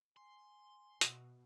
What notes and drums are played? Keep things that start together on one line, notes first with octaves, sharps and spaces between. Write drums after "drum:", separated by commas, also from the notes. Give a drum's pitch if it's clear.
G#5 C6
B2 F#4 D#5 E5, drum: hi-hat